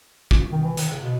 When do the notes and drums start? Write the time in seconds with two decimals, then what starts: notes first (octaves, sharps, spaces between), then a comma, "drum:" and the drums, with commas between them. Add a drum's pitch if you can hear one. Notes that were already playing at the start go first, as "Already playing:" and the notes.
0.31 drum: kick
0.52 D#3
0.64 E3
0.77 D#3, drum: hi-hat
0.90 C#3
1.03 B2